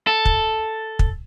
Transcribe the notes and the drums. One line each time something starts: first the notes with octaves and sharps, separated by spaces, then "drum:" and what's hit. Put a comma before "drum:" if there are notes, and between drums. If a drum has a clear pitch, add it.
A4
drum: kick
drum: kick